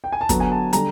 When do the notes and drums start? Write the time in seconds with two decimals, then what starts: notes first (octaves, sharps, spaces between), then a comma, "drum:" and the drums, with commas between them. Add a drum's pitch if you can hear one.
0.04 G5
0.12 G#5
0.21 A5
0.29 D3 F#3 B3 A#5, drum: kick, hi-hat
0.40 G#5
0.52 A5
0.73 D3 G3 A#5, drum: hi-hat